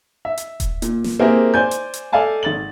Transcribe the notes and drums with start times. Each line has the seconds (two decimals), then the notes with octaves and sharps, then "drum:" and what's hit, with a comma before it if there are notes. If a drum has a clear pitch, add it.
0.25 E5
0.37 drum: hi-hat
0.60 drum: kick D#1, hi-hat
0.82 A#2, drum: hi-hat
1.04 drum: snare
1.19 A#3 C4 E4 G4 G#4 A#4
1.54 C5 D5 G#5 G6
1.71 drum: hi-hat
1.94 drum: hi-hat
2.12 A4 D5 E5 F5 G#5 A5
2.43 G#1 A6 F#7